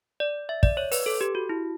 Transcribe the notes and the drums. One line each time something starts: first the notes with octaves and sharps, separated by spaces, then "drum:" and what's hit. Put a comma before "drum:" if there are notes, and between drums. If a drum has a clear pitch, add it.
D5
E5
D5, drum: kick
C#5
B4, drum: open hi-hat
A4
G4
F#4
E4